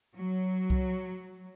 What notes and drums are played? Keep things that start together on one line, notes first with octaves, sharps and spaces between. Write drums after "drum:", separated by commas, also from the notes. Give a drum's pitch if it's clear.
F#3
drum: kick C2